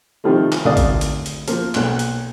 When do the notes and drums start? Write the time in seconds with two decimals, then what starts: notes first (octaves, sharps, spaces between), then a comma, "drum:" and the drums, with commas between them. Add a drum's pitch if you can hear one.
0.24 C3 D#3 F3 G3 A3
0.52 drum: clap
0.64 G#1 D2 A#4 D5 F5 D#6
0.77 drum: kick, hi-hat
1.01 drum: hi-hat
1.26 drum: hi-hat
1.48 F3 A#3, drum: hi-hat
1.75 B1 A#2 F#6, drum: clap
1.99 drum: hi-hat